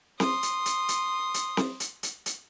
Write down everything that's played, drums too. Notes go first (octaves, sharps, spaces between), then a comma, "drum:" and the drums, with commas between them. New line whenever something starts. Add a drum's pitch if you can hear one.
C6 D#6, drum: snare C4
drum: hi-hat
drum: hi-hat
drum: hi-hat
drum: hi-hat
drum: snare C4
drum: hi-hat
drum: hi-hat
drum: hi-hat